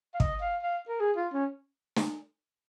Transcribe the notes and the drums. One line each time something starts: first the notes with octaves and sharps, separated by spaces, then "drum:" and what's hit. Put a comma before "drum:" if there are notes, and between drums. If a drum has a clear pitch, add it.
F5
D#5, drum: kick
F5
F5
A#4
G#4
F4
C#4
drum: snare